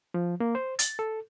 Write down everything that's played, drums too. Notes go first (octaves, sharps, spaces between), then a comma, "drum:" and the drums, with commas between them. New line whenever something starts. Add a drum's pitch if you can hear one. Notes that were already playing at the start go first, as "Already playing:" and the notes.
F3
A#3
C5
A6, drum: hi-hat
A4